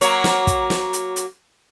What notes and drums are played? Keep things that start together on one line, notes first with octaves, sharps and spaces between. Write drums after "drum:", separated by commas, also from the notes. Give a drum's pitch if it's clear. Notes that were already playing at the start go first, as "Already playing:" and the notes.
F#3 A#3 C#5, drum: hi-hat
drum: snare
drum: kick, hi-hat
drum: snare
drum: hi-hat
drum: hi-hat